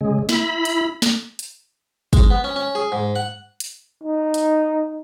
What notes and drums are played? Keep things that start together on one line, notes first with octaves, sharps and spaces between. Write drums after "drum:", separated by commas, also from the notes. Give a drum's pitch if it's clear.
C#3 G#3
E4 B5, drum: snare
drum: hi-hat
drum: snare
drum: hi-hat
G#3, drum: kick, hi-hat
B3
C#4
C#4
G#4
G#2
F#5
drum: hi-hat
D#4
drum: hi-hat